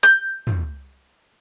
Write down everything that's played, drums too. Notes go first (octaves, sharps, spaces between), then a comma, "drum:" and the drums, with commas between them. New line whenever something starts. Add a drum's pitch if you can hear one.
G6
drum: tom